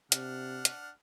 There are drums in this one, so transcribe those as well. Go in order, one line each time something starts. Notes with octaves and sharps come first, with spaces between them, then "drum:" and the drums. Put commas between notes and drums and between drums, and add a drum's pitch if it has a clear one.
C3 D4 F#5 F6, drum: hi-hat
drum: hi-hat